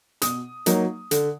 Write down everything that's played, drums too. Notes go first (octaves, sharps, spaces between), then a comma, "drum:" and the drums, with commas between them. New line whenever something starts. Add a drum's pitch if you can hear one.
B2 D#6, drum: hi-hat
F#3 A#3 D#4, drum: hi-hat
D3, drum: hi-hat